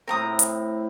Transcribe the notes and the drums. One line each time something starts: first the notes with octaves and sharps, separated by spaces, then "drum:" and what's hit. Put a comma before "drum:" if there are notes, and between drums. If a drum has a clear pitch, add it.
A2 C4 A#4 A#5 D#6
drum: hi-hat